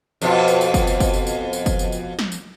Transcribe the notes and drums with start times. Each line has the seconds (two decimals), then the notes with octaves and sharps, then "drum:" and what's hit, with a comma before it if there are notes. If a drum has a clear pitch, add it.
0.22 F2 B2 F4, drum: tambourine
0.48 drum: tambourine
0.61 drum: tambourine
0.74 drum: kick F#1, tambourine
0.87 drum: tambourine
1.00 drum: kick F#1, tambourine
1.14 drum: tambourine
1.27 drum: tambourine
1.53 drum: tambourine
1.66 drum: kick F#1, tambourine
1.79 drum: tambourine
1.92 drum: tambourine
2.19 drum: snare
2.32 drum: tambourine